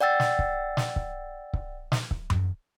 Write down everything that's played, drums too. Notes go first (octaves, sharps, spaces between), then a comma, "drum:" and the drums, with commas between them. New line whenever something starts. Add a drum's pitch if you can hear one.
D5 F#5 G5 E6 A6
drum: snare
drum: kick C#1
drum: snare
drum: kick C#1
drum: kick C#1
drum: snare
drum: kick C#1
drum: tom F#2